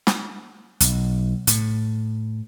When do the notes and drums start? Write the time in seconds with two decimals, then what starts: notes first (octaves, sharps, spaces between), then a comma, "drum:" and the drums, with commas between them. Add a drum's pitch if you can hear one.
0.07 drum: snare
0.80 B1, drum: hi-hat
1.47 A2, drum: hi-hat